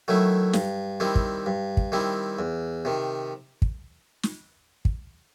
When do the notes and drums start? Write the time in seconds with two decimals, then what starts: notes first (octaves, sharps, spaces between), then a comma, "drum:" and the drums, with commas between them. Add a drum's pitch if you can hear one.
0.08 D#3 F#3 A3 E4
0.53 G2, drum: snare
1.00 D#3 G3 C4 E4
1.15 drum: kick
1.46 G2
1.77 drum: kick
1.92 D#3 G3 C4 E4
2.39 E2
2.85 C3 D#3
3.62 drum: kick
4.23 drum: snare
4.85 drum: kick